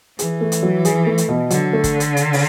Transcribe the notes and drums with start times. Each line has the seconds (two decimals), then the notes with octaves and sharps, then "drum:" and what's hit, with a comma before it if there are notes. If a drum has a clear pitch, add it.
0.19 E3 G#4, drum: hi-hat
0.41 A3
0.52 drum: hi-hat
0.63 F#3
0.85 G#4, drum: hi-hat
1.06 A3
1.18 drum: hi-hat
1.29 B2
1.50 D3 F#3, drum: hi-hat
1.73 A3
1.84 drum: kick, hi-hat
2.00 drum: hi-hat
2.17 drum: hi-hat
2.33 drum: open hi-hat